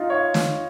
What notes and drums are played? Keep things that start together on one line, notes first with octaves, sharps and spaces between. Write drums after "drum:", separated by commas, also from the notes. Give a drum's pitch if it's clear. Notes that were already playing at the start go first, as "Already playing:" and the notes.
Already playing: D#4 F4
C#5
drum: snare